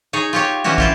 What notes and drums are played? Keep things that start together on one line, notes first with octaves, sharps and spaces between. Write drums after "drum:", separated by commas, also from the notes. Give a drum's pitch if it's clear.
D#4 G#4 C#5
F4 G4 C#5
E3 G3 C#4 E4 F#4
E4 F4 G4, drum: kick